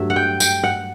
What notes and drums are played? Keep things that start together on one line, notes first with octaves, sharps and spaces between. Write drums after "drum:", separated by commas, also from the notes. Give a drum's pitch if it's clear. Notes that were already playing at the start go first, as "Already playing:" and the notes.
Already playing: G2 F#3 A3 E5
F#5
G5
G5, drum: tambourine
F#5